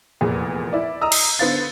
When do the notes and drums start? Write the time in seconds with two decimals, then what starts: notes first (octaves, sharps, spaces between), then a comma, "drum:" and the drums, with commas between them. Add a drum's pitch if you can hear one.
0.21 F1 E2 A#2 G#4
0.73 E4 D5
1.01 D#5 A#5 D#6 E6
1.12 drum: cymbal
1.39 D3 B3 C5 F5 A6